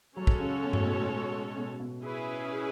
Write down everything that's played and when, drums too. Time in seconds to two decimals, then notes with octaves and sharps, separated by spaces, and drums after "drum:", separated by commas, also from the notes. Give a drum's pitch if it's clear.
0.17 F#3 G#3 C#4 F#4 A4 C#5
0.27 drum: kick
0.40 C#3
0.63 B2
0.73 A2, drum: tom G2
0.84 B2
1.56 B2
1.80 B2
2.03 C#4 E4 G#4 B4